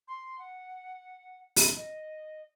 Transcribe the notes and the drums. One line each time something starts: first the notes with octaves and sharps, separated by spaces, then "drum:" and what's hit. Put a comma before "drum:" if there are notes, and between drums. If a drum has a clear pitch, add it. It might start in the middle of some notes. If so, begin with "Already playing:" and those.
C6
F#5
B5, drum: open hi-hat
D#5